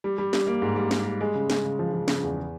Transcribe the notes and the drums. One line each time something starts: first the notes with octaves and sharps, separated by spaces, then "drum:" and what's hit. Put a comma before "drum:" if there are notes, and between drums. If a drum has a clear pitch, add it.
G3
G3
G3, drum: snare
A#3
G#2
G3
G3, drum: snare
G3
G#3
C#3
G#3, drum: snare
C#3
F3
F3
C#3, drum: snare
E2